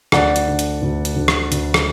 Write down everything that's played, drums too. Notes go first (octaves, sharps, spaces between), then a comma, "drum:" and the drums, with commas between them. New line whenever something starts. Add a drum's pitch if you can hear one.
D2 D5 F#5, drum: rim click
drum: hi-hat
D3
drum: hi-hat
D2
drum: hi-hat
D2
drum: rim click
D2, drum: hi-hat
drum: rim click